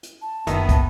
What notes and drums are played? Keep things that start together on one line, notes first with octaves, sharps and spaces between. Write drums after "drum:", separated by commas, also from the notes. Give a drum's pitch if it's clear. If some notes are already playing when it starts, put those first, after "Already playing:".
drum: hi-hat
A5
F#1 D#3 B3 E5 A#5, drum: hi-hat
drum: kick, hi-hat